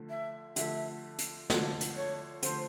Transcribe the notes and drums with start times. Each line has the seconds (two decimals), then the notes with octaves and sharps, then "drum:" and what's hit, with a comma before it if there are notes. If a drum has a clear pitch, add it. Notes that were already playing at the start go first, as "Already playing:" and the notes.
Already playing: D3 F3 A3
0.10 E5
0.56 D3 F3 A3 E5, drum: hi-hat
1.19 drum: hi-hat
1.50 D3 F3 A3, drum: snare
1.81 drum: hi-hat
1.96 C#5
2.43 D3 F3 A3 C5, drum: hi-hat